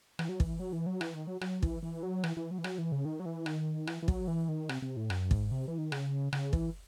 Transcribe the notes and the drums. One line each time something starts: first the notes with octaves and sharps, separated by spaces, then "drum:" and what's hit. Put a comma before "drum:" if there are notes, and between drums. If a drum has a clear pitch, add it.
E3, drum: rim click
F#3
E3, drum: kick
F#3
E3
F#3
E3, drum: rim click
D#3
F#3
F#3, drum: rim click
E3, drum: kick
E3
F#3
E3, drum: rim click
E3
F#3
E3
F#3, drum: rim click
E3
C#3
D#3
F#3
E3
D#3, drum: rim click
E3, drum: rim click
E3
F#3, drum: kick
E3
D#3
C3, drum: rim click
C3
A2
F#2, drum: rim click
G#2, drum: kick
C3
E3
D#3
C#3, drum: rim click
C#3, drum: rim click
E3, drum: kick